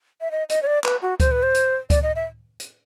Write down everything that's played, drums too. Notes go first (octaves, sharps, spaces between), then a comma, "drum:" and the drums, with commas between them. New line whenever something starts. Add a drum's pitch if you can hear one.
E5
D#5
D#5, drum: hi-hat
C#5
D5
B4, drum: clap
F#4
C5, drum: kick C#2, hi-hat
B4
C5
drum: hi-hat
D5, drum: kick C#2, hi-hat
D#5
E5
drum: hi-hat